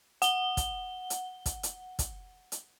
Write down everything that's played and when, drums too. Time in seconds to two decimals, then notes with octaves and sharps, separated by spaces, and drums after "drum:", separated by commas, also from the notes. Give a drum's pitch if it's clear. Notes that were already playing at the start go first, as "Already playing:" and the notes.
0.22 F#5 G7, drum: hi-hat
0.57 drum: kick, hi-hat
1.10 drum: hi-hat
1.46 drum: kick, hi-hat
1.63 drum: hi-hat
1.99 drum: kick, hi-hat
2.52 drum: hi-hat